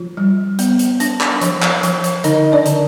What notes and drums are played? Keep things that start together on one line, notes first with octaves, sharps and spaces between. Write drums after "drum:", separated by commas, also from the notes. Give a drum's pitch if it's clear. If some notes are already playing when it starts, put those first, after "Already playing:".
Already playing: F3 F4
G3
B3, drum: hi-hat
drum: hi-hat
D4, drum: hi-hat
drum: clap
F3, drum: hi-hat
drum: clap
F3, drum: hi-hat
drum: hi-hat
D3 D#4 D#5, drum: hi-hat
D4 D5
D3, drum: hi-hat